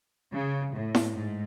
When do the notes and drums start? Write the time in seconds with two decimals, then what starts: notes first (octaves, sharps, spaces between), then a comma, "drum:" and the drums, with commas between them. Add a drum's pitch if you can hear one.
0.33 C#3
0.74 A2
0.95 drum: snare E4
1.14 G#2